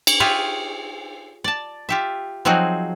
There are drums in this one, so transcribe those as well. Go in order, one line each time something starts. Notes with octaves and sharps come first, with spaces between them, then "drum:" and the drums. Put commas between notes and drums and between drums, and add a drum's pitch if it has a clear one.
drum: cymbal
F4 G4 G#4 C#5 E5 G#5
D5 A5
F4 G4 E5
F3 F#3 C4 D#4 F#4 G#4